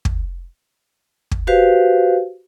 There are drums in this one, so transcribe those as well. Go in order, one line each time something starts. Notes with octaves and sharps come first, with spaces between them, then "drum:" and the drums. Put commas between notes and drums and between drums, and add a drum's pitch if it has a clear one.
drum: kick
drum: kick
F#4 G4 B4 C5 F5